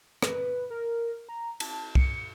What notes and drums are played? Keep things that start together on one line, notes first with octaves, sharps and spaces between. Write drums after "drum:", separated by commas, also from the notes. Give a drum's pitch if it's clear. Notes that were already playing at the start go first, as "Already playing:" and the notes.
B4, drum: rim click
A#4
A#5
A5, drum: cymbal
C#7, drum: kick C2